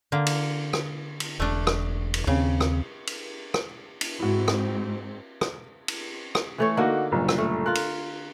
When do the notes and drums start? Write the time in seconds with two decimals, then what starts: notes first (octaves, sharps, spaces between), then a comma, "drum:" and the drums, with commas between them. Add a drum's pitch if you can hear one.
0.12 D3 A#3
0.27 drum: cymbal
0.73 drum: rim click
1.20 drum: cymbal
1.40 E1 A3 D4
1.67 drum: rim click
2.14 drum: cymbal
2.27 D#2 C#3 C4
2.61 drum: rim click
3.07 drum: cymbal
3.54 drum: rim click
4.01 drum: cymbal
4.20 G#2 C4 E4 F#4
4.48 drum: rim click
5.41 drum: rim click
5.88 drum: cymbal
6.35 drum: rim click
6.58 E3 A3 C#5
6.77 D3 A#3 D#4 F#4 A#4
7.12 F#1 G2 A#2
7.29 drum: rim click
7.38 A3
7.66 F4 A#4 F#6
7.75 drum: cymbal